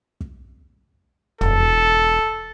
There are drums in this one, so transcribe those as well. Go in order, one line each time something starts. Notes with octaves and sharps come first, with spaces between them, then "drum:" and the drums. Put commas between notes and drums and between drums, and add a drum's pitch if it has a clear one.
drum: kick
E1 A4, drum: tom